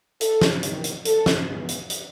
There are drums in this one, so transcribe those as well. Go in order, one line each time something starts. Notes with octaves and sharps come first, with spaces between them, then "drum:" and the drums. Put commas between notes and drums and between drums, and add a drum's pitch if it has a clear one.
A4, drum: hi-hat
drum: snare
E2 C3 D#3, drum: hi-hat
drum: hi-hat
A4, drum: hi-hat
drum: snare
E2 C#3 E3 G#3 B3
drum: hi-hat
drum: hi-hat